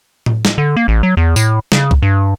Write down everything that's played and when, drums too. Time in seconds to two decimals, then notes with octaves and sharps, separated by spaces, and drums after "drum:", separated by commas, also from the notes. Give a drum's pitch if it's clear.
0.26 drum: tom A2
0.45 drum: snare
0.58 D3
0.77 A#3
0.88 A1
1.03 F#3
1.17 E2
1.36 A2, drum: tambourine
1.72 C#3, drum: snare
1.91 drum: kick
2.02 G2